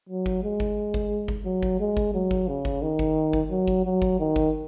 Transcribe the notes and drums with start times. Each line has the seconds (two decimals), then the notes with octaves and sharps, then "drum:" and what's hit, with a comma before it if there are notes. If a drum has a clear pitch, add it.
0.09 F#3
0.26 drum: kick G1
0.43 G#3
0.60 drum: kick G1
0.94 drum: kick G1
1.28 drum: kick G1
1.45 F#3
1.63 drum: kick G1
1.80 G#3
1.97 drum: kick G1
2.14 F#3
2.31 drum: kick G1
2.48 C#3
2.65 drum: kick G1
2.82 D#3
2.99 drum: kick G1
3.33 drum: kick G1
3.51 F#3
3.68 drum: kick G1
3.85 F#3
4.02 drum: kick G1
4.19 D#3
4.36 drum: kick G1